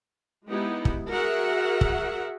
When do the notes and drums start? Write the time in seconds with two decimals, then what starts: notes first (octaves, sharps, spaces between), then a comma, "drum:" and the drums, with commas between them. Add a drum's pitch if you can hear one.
0.47 G#3 B3 D#4 E4 G4
0.85 drum: kick
1.09 F#4 G#4 A#4 E5 F#5
1.81 drum: kick